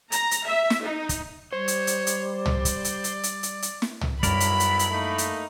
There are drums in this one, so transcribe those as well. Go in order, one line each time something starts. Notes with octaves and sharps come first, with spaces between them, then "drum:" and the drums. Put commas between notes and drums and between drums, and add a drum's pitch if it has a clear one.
A#5, drum: hi-hat
drum: hi-hat
E5
drum: snare
D#4
drum: kick, hi-hat
G3 C5 C#5
drum: hi-hat
drum: hi-hat
drum: hi-hat
D5
drum: tom
drum: kick, hi-hat
drum: hi-hat
drum: hi-hat
drum: hi-hat
drum: hi-hat
drum: hi-hat
drum: snare
drum: tom
B1 F#2 F#3 G3 E4 A#4 D5 B5, drum: kick, hi-hat
drum: hi-hat
drum: hi-hat
drum: hi-hat
A3 A#3 D#4
drum: hi-hat